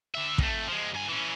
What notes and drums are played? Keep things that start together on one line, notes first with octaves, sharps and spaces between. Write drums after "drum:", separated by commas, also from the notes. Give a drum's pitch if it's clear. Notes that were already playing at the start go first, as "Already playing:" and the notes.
D3 E5
F2 A3, drum: kick
F3 G#3
G2 G#5
E3 C#4